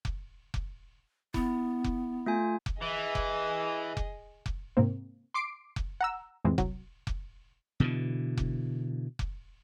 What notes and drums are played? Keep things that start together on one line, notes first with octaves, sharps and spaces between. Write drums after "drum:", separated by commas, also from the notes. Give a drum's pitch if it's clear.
drum: kick F1
drum: kick F1
B3 E4, drum: kick F1
drum: kick F1
A3 F4 G#5
drum: kick F1
E3 G#4 D#5
drum: kick F1
drum: kick F1
drum: kick F1
G#2 C3 A#3 C4
C6 D6 C7 D7
drum: kick F1
F#5 A#5 E6
F2 A2 E3 G#3 C4
C2 F#3, drum: kick F1
drum: kick F1
B2 D3 E3
drum: kick F1
drum: kick F1